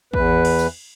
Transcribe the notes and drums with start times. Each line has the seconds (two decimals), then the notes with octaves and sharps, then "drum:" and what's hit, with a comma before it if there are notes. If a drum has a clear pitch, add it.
0.14 E2 B4, drum: kick
0.45 drum: cymbal
0.59 drum: tambourine